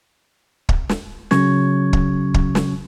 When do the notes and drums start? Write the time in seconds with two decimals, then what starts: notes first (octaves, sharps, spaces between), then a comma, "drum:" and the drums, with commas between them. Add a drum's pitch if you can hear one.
0.69 drum: kick
0.89 drum: snare
1.31 C#3 F#3 C#4 C#6 G#6, drum: snare
1.93 drum: kick
2.34 drum: kick
2.55 drum: snare